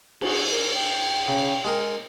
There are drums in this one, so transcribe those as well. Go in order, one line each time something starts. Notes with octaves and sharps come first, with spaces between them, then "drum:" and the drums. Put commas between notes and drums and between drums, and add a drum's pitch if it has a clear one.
F#4 G#4, drum: cymbal
A#4
G5
C#3
G#3 G#4 A#4